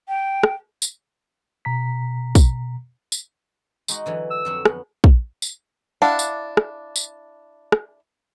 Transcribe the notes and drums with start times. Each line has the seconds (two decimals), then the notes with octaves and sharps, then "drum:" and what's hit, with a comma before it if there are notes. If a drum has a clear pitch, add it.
0.08 G5
0.43 drum: rim click
0.82 drum: tambourine
1.65 B2 A#5 B6
2.35 drum: kick, tambourine
3.12 drum: tambourine
3.88 G#3 D#4 F#4, drum: tambourine
4.06 D3 E3 F#3
4.31 E6
4.45 F2 F#3 F#4
4.65 B3, drum: rim click
5.04 drum: kick
5.42 drum: tambourine
6.02 D4 E4 F5 F#5 A5
6.19 drum: tambourine
6.57 drum: rim click
6.96 drum: tambourine
7.72 drum: rim click